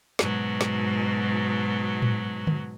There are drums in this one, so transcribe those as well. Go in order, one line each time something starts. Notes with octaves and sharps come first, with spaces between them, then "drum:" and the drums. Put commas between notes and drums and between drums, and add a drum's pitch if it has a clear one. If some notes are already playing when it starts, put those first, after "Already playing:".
G#2 B2 F#3, drum: snare
drum: snare
drum: tom A2
drum: tom D3